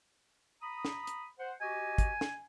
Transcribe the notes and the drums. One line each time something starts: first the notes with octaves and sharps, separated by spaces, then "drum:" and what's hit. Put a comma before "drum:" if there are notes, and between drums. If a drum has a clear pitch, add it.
A#5 B5 D#6
drum: snare
drum: hi-hat
C5 F#5
F#4 G4 D#5 G#5
drum: kick, hi-hat
drum: snare